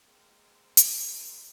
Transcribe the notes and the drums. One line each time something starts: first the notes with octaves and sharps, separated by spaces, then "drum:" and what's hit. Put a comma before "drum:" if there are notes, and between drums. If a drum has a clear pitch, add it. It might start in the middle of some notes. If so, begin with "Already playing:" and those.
G#3 A#3 C4 A#4 C5 E6
drum: hi-hat